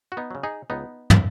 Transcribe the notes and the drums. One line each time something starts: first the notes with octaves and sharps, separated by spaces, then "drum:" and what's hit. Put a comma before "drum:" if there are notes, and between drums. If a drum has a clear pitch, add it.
F#4
B3 D#4
C#3 F#3
D#4 G#4
C#2 B3 D#4
C#3 F#3, drum: tom